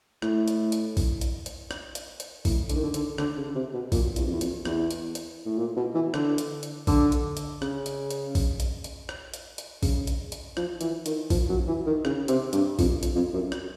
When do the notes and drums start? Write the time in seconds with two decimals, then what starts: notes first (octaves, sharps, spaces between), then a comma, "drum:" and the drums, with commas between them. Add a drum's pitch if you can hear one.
0.22 A2, drum: rim click
0.48 drum: hi-hat
0.72 drum: hi-hat
0.97 drum: kick A#1, open hi-hat
1.21 drum: hi-hat
1.46 drum: hi-hat
1.71 drum: rim click
1.95 drum: hi-hat
2.20 drum: hi-hat
2.45 A2, drum: kick A#1, open hi-hat
2.69 D3, drum: hi-hat
2.76 D#3
2.84 D3
2.94 D3, drum: hi-hat
3.18 D3, drum: rim click
3.37 C#3
3.55 C3
3.73 B2
3.92 A#2, drum: kick A#1, open hi-hat
4.16 E2, drum: hi-hat
4.24 F2
4.32 E2
4.41 F2, drum: hi-hat
4.65 E2, drum: rim click
4.91 drum: hi-hat
5.15 drum: hi-hat
5.46 A2
5.58 A#2
5.76 B2
5.95 E3
6.14 D3, drum: rim click
6.38 drum: hi-hat
6.63 drum: hi-hat
6.87 D3, drum: kick A#1, open hi-hat
7.12 drum: hi-hat
7.37 drum: hi-hat
7.62 C#3, drum: rim click
7.86 drum: hi-hat
8.10 drum: hi-hat
8.35 drum: kick A#1, open hi-hat
8.60 drum: hi-hat
8.84 drum: hi-hat
9.09 drum: rim click
9.34 drum: hi-hat
9.58 drum: hi-hat
9.83 C#3, drum: kick A#1, open hi-hat
10.07 drum: hi-hat
10.32 drum: hi-hat
10.57 F3, drum: rim click
10.81 E3, drum: hi-hat
11.06 D#3, drum: hi-hat
11.30 F3, drum: kick A#1, open hi-hat
11.49 F#3
11.67 E3
11.86 D#3
12.05 C#3, drum: rim click
12.28 C3, drum: hi-hat
12.53 G2, drum: hi-hat
12.79 F2, drum: kick A#1, open hi-hat
13.03 drum: hi-hat
13.15 F2
13.33 F#2
13.52 drum: rim click